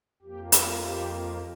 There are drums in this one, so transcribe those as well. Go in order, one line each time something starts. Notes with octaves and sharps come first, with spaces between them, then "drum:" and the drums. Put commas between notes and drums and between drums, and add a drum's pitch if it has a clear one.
F2 F3 A#3 G4
drum: hi-hat
G4